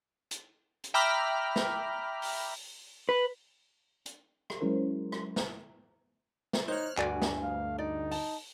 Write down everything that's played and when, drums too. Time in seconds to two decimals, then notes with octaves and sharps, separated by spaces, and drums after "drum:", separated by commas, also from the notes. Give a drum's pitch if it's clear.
0.31 drum: hi-hat
0.84 drum: hi-hat
0.94 E5 G5 A#5 B5 D6 F6
1.56 drum: snare
2.22 drum: open hi-hat
3.09 B4
4.06 drum: hi-hat
4.50 drum: rim click
4.61 F#3 G#3 C#4 E4 A#4 C5
5.12 drum: rim click
5.36 drum: snare
6.53 drum: snare
6.68 D#4 C5 C#5 F6 F#6
6.97 D2 G2 F#4 D5 G#5, drum: clap
7.22 drum: snare
7.43 F5
7.78 D#4 D5
8.11 A5, drum: open hi-hat